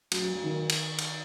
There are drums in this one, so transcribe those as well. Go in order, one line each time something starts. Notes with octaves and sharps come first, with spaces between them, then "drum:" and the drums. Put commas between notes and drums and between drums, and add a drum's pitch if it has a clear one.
F#3, drum: cymbal
F#3
F#3
D#3
drum: cymbal
drum: cymbal